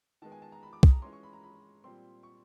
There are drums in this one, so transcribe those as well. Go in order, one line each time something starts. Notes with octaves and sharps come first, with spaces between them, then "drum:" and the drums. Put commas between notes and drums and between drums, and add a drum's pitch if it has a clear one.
D#3 G#3 B3 A5
G#5
A5
A#5
B5
D6
D#6, drum: kick
A#5
E3 G#3 C#4 C6
C#6
B5
A#5
B5
A#2 G3 C4 C6
C#6